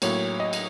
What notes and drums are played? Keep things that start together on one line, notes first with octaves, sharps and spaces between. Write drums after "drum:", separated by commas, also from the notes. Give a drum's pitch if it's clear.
A2 F#3 A#3 C#5, drum: cymbal
D#5
drum: cymbal